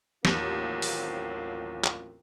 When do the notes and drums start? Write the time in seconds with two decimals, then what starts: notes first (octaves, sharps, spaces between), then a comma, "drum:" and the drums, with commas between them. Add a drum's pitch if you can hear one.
0.25 A1 D#2 F#3 A#3 C4 F4, drum: snare
0.82 drum: open hi-hat
1.84 drum: clap